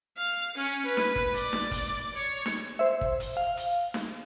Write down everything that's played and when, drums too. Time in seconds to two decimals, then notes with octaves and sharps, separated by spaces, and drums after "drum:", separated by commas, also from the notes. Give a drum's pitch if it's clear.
0.17 F5
0.58 C#4
0.86 B4
0.97 drum: snare
1.16 drum: kick
1.34 D5, drum: hi-hat
1.53 drum: snare
1.71 drum: kick, hi-hat
2.16 C#5
2.46 drum: snare
2.79 C5 E5
3.01 drum: kick
3.20 drum: hi-hat
3.37 F5
3.57 drum: hi-hat
3.94 drum: snare